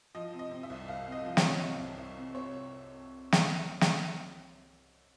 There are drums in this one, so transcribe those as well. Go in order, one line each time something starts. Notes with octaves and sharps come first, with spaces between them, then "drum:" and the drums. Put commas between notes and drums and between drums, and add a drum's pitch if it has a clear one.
F3 D#5
C3
D#5
C3
E5
C2
C2 F5
C3
D#5
F3
C#5, drum: snare
C3
C3
C2
C2
C3
C3 C#5
drum: snare
drum: snare